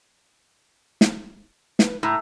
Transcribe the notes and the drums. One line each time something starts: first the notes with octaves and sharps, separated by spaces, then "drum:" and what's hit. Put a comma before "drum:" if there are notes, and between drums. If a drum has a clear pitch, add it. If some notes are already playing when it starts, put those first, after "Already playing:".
drum: snare
B4, drum: snare
A2 A#5